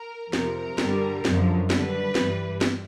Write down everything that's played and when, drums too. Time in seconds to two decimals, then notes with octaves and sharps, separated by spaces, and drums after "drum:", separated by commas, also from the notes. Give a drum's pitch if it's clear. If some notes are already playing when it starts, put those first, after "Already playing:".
Already playing: A#4
0.33 F2 C3 F3 A#4, drum: snare
0.78 G2 D3 G3, drum: snare
1.25 F#2 D3 F3, drum: snare
1.70 F#2 D3 G3 B4, drum: snare
2.15 G2 E3 G3, drum: snare
2.61 drum: snare